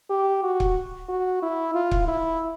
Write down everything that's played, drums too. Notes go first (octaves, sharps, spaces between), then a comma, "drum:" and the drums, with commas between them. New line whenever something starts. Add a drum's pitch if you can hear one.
G4
F#4
drum: kick C#1
F#4
E4
F4
drum: kick C#1
E4